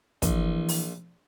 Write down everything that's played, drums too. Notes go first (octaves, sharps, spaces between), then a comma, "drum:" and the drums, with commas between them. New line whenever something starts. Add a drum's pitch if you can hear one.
A#1 E3, drum: kick, hi-hat
drum: open hi-hat